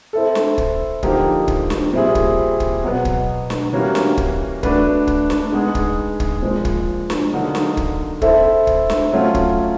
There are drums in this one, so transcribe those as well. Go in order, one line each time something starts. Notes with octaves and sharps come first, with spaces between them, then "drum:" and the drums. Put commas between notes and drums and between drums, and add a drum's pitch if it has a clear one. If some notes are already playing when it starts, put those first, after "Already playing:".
C4 E4 A4
drum: snare
drum: kick
D3 F3 A#3 D#4 G4, drum: kick
drum: kick
drum: snare
A#2 G3 C4 E4 G#4
drum: kick
drum: kick
B2 F#3 B3
drum: kick
drum: snare
E3 G3 A#3 C#4 F#4
drum: snare
drum: kick
A3 D4 F#4 B4, drum: kick
drum: kick
drum: snare
G#3 B3 D#4 G#4
drum: kick
drum: kick
A#2 F3 G#3
drum: kick
drum: snare
D3 F#3 A#3 D#4
drum: snare
drum: kick
C4 E4 A4, drum: kick
drum: kick
drum: snare
F#3 A3 C#4 F4
drum: kick